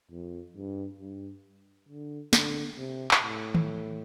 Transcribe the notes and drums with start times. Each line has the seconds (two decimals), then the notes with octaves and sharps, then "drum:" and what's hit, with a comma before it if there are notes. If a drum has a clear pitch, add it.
0.11 F2
0.56 G2
1.00 G2
1.89 D3
2.33 D3, drum: snare
2.77 C3
3.11 drum: clap
3.22 A2
3.55 drum: tom D#3